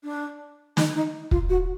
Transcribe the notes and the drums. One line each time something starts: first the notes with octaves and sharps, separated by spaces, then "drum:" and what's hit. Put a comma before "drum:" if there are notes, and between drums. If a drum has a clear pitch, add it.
D4
D#4, drum: snare
D#4
F4, drum: kick
F#4